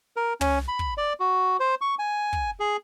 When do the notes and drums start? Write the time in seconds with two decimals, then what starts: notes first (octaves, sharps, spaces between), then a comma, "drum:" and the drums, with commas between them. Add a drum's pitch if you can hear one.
0.16 A#4
0.41 C#4, drum: tom
0.68 B5
0.79 drum: kick
0.97 D5
1.20 F#4
1.60 C5
1.81 C#6
1.99 G#5
2.33 drum: kick
2.60 G#4